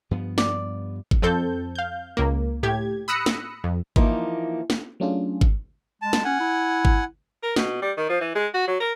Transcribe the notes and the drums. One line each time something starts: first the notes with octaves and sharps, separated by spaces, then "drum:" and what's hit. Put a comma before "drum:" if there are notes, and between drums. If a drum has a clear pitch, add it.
G2 F3 B3
D5, drum: snare
drum: kick G#1
F2 C4 A4 G6
F5 G6
C#2 A#3
A2 G4 G#6
B5 D#6 E6 F#6 A#6 C#7
drum: snare
F2
E3 F3 A#3 D#4, drum: kick G#1
drum: snare
F#3 A3 C#4 D4 F4 G#4
drum: kick G#1
G#3 A5
drum: snare
C#4 F#5 G#5
E4
drum: kick G#1
A#4
B2, drum: snare
G3
D#3
F3
E3
G#3
F#4
F#3
A#4